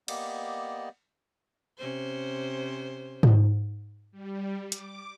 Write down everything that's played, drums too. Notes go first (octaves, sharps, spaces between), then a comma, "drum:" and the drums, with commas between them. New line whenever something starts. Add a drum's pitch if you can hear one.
A#3 B3 G4 D5 D#5, drum: cymbal
C3 C#4 C5
drum: tom G#2
G3
D6, drum: hi-hat